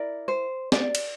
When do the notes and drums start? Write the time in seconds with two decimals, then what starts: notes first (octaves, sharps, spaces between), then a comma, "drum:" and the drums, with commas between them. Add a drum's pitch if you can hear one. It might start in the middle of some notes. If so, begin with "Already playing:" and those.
Already playing: E4 A#4 D5
0.28 C5
0.72 D5, drum: snare C4
0.95 drum: cymbal